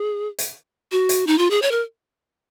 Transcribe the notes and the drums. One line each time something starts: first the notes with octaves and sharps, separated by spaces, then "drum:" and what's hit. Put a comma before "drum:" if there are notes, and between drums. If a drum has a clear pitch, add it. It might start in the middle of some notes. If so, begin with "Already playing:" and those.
Already playing: G#4
drum: hi-hat
F#4
drum: hi-hat
D#4
F4
G#4
C#5
A#4